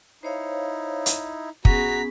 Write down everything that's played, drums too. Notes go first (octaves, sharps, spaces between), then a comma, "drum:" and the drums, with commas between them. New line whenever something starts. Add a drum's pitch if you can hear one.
D#4 E4 C5 C#5 F5
drum: hi-hat
B3 C#4 F#4 G#4 A#5 B6, drum: kick